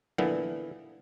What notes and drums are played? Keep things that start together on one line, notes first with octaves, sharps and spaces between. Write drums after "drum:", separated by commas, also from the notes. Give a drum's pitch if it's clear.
A#2 D3 E3 B3 E4, drum: tom F3